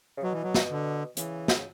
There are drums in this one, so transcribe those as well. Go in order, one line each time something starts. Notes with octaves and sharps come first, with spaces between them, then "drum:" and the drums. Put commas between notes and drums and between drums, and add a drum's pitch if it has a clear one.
C#3
B2 F#3
E3
F#3
drum: snare
D3
C#3 E3, drum: hi-hat
drum: snare
C#3